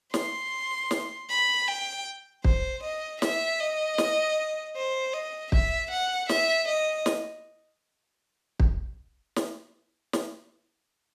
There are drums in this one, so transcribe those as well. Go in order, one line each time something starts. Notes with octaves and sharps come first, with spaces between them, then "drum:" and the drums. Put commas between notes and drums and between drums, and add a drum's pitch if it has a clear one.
C6, drum: snare
drum: snare
B5
G5
C5, drum: kick
D#5
E5, drum: snare
D#5
drum: snare
C5
D#5
E5, drum: kick
F#5
E5, drum: snare
D#5
drum: snare
drum: kick
drum: snare
drum: snare